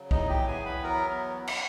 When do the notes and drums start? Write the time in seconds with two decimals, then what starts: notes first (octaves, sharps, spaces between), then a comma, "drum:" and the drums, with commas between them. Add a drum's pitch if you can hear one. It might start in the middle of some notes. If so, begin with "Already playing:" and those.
Already playing: C#3 F#3
0.11 E2 D#4 D#5, drum: kick B1
0.30 G4 G5
0.47 B3 G#4 G#5
0.66 B4 B5
0.84 F#3 A#4 A#5
1.47 drum: cymbal